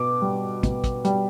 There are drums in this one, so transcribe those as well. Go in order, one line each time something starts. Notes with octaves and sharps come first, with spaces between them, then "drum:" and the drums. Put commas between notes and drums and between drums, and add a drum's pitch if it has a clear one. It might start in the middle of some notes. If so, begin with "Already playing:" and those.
Already playing: B2 D6
G3
B2, drum: kick, hi-hat
drum: kick, hi-hat
G3, drum: hi-hat